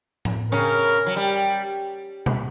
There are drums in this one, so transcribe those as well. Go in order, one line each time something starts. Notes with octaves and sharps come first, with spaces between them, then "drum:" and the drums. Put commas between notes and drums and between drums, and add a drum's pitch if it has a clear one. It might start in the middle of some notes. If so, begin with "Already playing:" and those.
drum: tom A2
C#3 C#4 A#4
F#3
G3
drum: tom B2